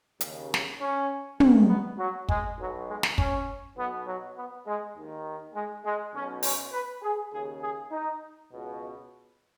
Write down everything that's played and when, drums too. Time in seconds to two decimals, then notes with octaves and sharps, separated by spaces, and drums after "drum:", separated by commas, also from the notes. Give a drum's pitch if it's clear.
0.21 D#2 C#3, drum: hi-hat
0.54 drum: snare
0.80 C#4
1.40 G#1 G#2 D#3, drum: tom
1.69 B3
1.98 F#3
2.29 G#3, drum: kick
2.57 B1 B2 F#3
2.87 G#3
3.03 drum: snare
3.18 C#4, drum: kick
3.76 B1 B2 B3
4.06 F#3
4.36 B3
4.66 G#3
4.95 D#2 D#3
5.54 G#3
5.84 G#3
6.14 B1 B2 C#4
6.43 C#4, drum: open hi-hat
6.72 B4
7.02 G#4
7.31 D#2 C#3 G#4
7.61 G#4
7.91 D#4
8.51 C#2 B2